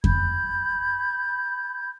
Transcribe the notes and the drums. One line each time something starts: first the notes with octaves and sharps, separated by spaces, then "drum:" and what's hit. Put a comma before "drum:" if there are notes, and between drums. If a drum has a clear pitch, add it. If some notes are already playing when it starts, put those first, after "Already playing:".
B5 G6 G#6, drum: kick F2